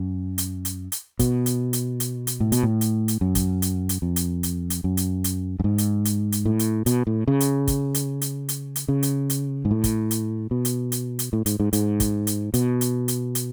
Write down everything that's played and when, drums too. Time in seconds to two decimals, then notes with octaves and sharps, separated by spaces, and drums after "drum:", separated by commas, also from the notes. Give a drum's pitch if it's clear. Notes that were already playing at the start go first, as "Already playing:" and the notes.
Already playing: F#2
0.38 drum: hi-hat
0.65 drum: hi-hat
0.92 drum: hi-hat
1.19 B2, drum: kick, hi-hat
1.46 drum: hi-hat
1.73 drum: hi-hat
2.00 drum: hi-hat
2.27 drum: hi-hat
2.40 A2
2.52 B2, drum: hi-hat
2.63 A2
2.81 drum: hi-hat
3.08 drum: hi-hat
3.21 F#2
3.35 drum: kick, hi-hat
3.62 drum: hi-hat
3.89 drum: hi-hat
4.02 F2
4.16 drum: hi-hat
4.43 drum: hi-hat
4.70 drum: hi-hat
4.84 F#2
4.97 drum: hi-hat
5.24 drum: hi-hat
5.60 F#2
5.64 G#2
5.78 drum: hi-hat
6.05 drum: hi-hat
6.32 drum: hi-hat
6.46 A2
6.59 drum: hi-hat
6.86 B2, drum: hi-hat
7.07 A2
7.28 C#3
7.40 drum: hi-hat
7.67 drum: kick, hi-hat
7.94 drum: hi-hat
8.22 drum: hi-hat
8.49 drum: hi-hat
8.76 drum: hi-hat
8.88 C#3
9.03 drum: hi-hat
9.30 drum: hi-hat
9.65 G#2
9.71 A2
9.84 drum: kick, hi-hat
10.11 drum: hi-hat
10.51 B2
10.65 drum: hi-hat
10.92 drum: hi-hat
11.19 drum: hi-hat
11.33 A2
11.46 G#2, drum: hi-hat
11.60 G#2
11.73 G#2, drum: hi-hat
12.00 drum: kick, hi-hat
12.27 drum: hi-hat
12.54 B2, drum: hi-hat
12.81 drum: hi-hat
13.08 drum: hi-hat
13.35 drum: hi-hat